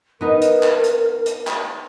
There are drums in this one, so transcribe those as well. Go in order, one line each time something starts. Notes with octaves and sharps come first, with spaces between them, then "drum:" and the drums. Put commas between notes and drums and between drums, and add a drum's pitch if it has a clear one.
B3 D#4 A#4
drum: hi-hat
drum: clap
drum: hi-hat
drum: hi-hat
drum: clap